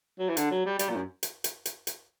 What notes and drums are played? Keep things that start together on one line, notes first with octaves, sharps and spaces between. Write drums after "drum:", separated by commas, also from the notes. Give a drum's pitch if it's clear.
F#3
E3
D3, drum: hi-hat
F#3
G3
G3, drum: hi-hat
A#2
F#2
drum: hi-hat
drum: hi-hat
drum: hi-hat
drum: hi-hat